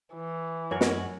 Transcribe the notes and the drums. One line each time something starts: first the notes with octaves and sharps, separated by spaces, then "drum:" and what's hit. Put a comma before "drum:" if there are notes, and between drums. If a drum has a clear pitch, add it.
E3
F#2 E4 F#4 A#4 C#5 G#5
drum: snare